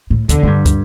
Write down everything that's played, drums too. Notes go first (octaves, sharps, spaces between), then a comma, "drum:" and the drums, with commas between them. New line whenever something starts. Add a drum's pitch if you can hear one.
A2
E2 D3, drum: kick, hi-hat
A2
G2
drum: kick, hi-hat